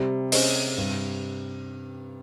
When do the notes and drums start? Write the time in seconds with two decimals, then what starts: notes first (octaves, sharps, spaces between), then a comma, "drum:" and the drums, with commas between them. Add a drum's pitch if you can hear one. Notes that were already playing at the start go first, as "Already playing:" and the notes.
Already playing: C3 G3
0.32 C#4 G#4 C5 D#5, drum: open hi-hat
0.78 G2